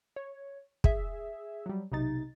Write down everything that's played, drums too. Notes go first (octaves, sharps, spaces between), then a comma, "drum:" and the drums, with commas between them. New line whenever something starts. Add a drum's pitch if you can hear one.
C#5
G#4 E5, drum: kick
F#3 G3
B1 C3 D#4 A6